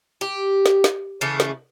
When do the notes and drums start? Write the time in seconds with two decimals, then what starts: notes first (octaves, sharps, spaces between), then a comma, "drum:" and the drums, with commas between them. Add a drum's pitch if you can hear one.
0.21 G4
0.66 drum: snare
0.84 drum: snare
1.21 C#3 E3 A3
1.40 drum: snare